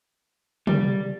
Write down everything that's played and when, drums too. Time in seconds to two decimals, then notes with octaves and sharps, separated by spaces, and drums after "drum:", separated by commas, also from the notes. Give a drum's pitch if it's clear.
0.67 G3, drum: tom